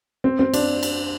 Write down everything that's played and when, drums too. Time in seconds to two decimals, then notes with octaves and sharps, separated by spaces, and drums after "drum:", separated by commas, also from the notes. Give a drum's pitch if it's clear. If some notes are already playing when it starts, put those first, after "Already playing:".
0.24 C4
0.39 C4
0.54 D4, drum: cymbal
0.83 drum: cymbal